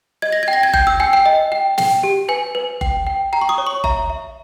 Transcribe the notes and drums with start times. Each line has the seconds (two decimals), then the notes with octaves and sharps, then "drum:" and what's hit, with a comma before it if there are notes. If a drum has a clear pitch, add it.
0.22 D#5 G#6
0.33 A#6
0.43 G5 G#6
0.53 A#6
0.63 G#6
0.74 G5 G6, drum: kick F#1
0.87 E6
1.00 G5 G#5
1.13 G5
1.26 D#5
1.52 G5
1.78 G5, drum: snare
2.03 G4
2.29 B4 G#5
2.55 B4
2.81 G5, drum: kick F#1
3.07 G5
3.33 G5 A#5
3.42 C#6
3.49 D#6
3.58 C#5
3.67 C#6
3.84 E5 A#5, drum: kick F#1
4.10 E5